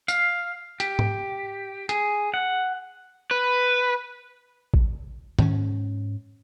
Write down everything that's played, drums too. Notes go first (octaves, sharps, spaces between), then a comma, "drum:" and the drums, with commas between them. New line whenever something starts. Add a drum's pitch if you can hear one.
F5, drum: tambourine
G4, drum: hi-hat
drum: tom G#2
G#4, drum: hi-hat
F#5
B4
drum: kick A1
G#2 C#4, drum: tom D#3